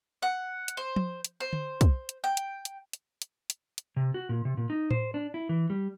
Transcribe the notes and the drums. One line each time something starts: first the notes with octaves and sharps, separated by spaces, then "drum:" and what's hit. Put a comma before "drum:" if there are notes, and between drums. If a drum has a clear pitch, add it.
F#5
drum: hi-hat
C5
drum: tom F3
drum: hi-hat
C5
drum: tom D3
drum: kick, hi-hat
drum: hi-hat
G5
drum: hi-hat
drum: hi-hat
drum: hi-hat
drum: hi-hat
drum: hi-hat
drum: hi-hat
C3
F#4
A#2
C3
A#2
D#4
C5, drum: tom A2
D4
E4
E3
G3